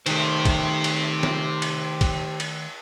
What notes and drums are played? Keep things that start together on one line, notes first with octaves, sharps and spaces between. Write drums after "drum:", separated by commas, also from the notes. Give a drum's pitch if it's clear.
D#3 A3 G4 C5, drum: cymbal
drum: kick, cymbal
drum: cymbal
drum: snare
drum: cymbal
drum: kick, cymbal
drum: cymbal